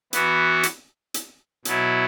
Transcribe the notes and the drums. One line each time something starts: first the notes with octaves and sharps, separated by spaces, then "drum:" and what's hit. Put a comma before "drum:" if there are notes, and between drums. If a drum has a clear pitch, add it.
E3 B3 F#4, drum: hi-hat
drum: hi-hat
drum: hi-hat
B2 F#3 B3 E4, drum: hi-hat